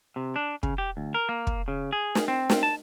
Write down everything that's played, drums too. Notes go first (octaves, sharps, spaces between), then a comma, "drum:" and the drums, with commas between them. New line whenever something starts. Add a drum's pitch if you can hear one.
C3
D4
C#3, drum: kick
G4
D2
A#4
A#3
drum: kick
C#3
G#4
drum: snare
C4
drum: snare
A5